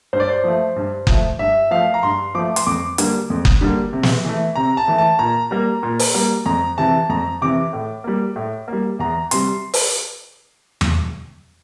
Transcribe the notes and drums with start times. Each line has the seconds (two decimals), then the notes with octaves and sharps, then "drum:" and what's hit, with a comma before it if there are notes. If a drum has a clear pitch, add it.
0.13 G2 C5
0.20 D5
0.29 C5
0.44 F3 A3
0.76 G2
1.07 F3 A3, drum: kick F#1
1.39 G2 E5
1.71 F3 A3 F5
1.94 A#5
2.03 G2 C6
2.35 F3 A3 D6
2.56 C6, drum: hi-hat
2.66 F2 D6
2.98 D3 G3 A#3, drum: hi-hat
3.30 F2
3.45 drum: kick F#1
3.61 D3 G3 A#3
3.93 C3
4.03 drum: snare
4.25 E3 A3
4.55 C3 A#5
4.77 A5
4.88 E3 A3
4.98 A5
5.19 A#2 A#5
5.51 G3 A#3
5.83 A#2
5.99 drum: open hi-hat
6.14 G3 A#3
6.46 F2 A#5
6.78 C3 E3 A5
7.09 F2 A#5
7.41 C3 E3 D6
7.73 A2
8.04 G3 A#3
8.36 A2
8.68 G3 A#3
8.99 E2 A#5
9.31 C3 G3 C6, drum: hi-hat
9.74 drum: open hi-hat
10.81 drum: tom E2